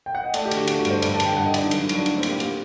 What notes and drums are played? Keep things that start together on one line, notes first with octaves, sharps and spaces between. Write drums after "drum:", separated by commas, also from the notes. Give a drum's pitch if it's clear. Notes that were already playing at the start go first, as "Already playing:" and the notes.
G5
F#5
D#5
A3 D5, drum: cymbal
G4
D3, drum: cymbal
F#4
A3 F#4, drum: cymbal
F#4
G2, drum: cymbal
C5
G2 D5, drum: cymbal
A5
D3, drum: cymbal
G5
G2 F#5
D#5
D3 D5, drum: cymbal
D#4
F#3, drum: cymbal
D#4
F#3, drum: cymbal
D4
A2, drum: cymbal
C4
A#3, drum: cymbal
G4
A#3, drum: cymbal